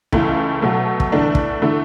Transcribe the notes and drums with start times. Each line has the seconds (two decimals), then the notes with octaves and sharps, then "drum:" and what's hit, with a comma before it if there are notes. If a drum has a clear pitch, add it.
0.13 C#2 C#3 E3 A3, drum: kick
0.62 B2 F#3 A3
1.00 drum: kick
1.12 E2 D3 A3 D4
1.35 drum: kick
1.62 D3 A3 E4